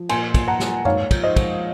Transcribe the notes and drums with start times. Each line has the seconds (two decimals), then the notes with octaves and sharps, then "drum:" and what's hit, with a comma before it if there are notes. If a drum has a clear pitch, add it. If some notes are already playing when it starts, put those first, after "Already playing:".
Already playing: F3
0.09 A#2 G#5 C6, drum: cymbal
0.34 A#2, drum: kick, cymbal
0.48 F#5 A#5
0.60 A#2, drum: snare
0.85 G#2 C#5 F5, drum: tom F#2
1.11 F3, drum: kick, cymbal
1.24 C5 D#5
1.36 F3, drum: kick, cymbal